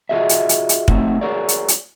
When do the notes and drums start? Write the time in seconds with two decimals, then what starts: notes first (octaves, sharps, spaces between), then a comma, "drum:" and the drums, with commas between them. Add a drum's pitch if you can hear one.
0.09 F4 F#4 G#4 D#5 E5
0.29 drum: hi-hat
0.49 drum: hi-hat
0.69 drum: hi-hat
0.88 A3 C4 C#4 D#4 F#4, drum: kick
1.21 F#4 G#4 A#4 C#5 D5
1.48 drum: hi-hat
1.68 drum: hi-hat